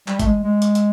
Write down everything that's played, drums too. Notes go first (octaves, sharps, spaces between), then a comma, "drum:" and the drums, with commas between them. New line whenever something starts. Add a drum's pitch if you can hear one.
G3, drum: clap
A3, drum: kick G#1, hi-hat
G#3
G#3
drum: hi-hat
drum: hi-hat